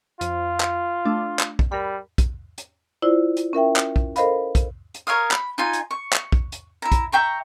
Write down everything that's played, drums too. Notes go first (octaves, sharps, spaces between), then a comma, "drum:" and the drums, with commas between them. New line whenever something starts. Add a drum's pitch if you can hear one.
F2 F4, drum: hi-hat
drum: clap
A3 D4
drum: clap
drum: kick
G3 A#4 B5
drum: kick, hi-hat
drum: hi-hat
E4 F4 C5 D5
drum: hi-hat
C#4 A#4 E5 G5
drum: clap
drum: kick
A4 A#4 C5 D#5 F5 B5, drum: hi-hat
drum: kick, hi-hat
drum: hi-hat
A#4 C#5 F5 D#6
B5, drum: clap
D#4 F4 G#5
drum: hi-hat
C#6
drum: clap
drum: kick
drum: hi-hat
E4 A#5
drum: kick, hi-hat
E5 G5 A#5 C#6